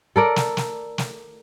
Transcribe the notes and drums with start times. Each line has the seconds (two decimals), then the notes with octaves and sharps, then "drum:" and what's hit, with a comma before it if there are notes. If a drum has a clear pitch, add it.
0.16 A4 A#4 D5
0.36 drum: snare
0.57 drum: snare
0.98 drum: snare